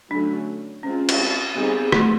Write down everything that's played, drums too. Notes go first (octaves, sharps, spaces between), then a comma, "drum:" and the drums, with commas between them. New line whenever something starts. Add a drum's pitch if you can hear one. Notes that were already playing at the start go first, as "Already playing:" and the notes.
D3 F#3 A3 C#4 D4 F#4
G#3 C4 C#4 F4
drum: cymbal
C4
G3 B3 C4 D#4 G#4
A3, drum: rim click